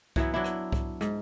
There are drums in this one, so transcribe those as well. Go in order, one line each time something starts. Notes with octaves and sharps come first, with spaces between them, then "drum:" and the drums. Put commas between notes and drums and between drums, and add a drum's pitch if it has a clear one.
E3 F#3 B3 E4, drum: kick C2
F#3 D4 E4
drum: rim click
drum: kick C2
G#2, drum: rim click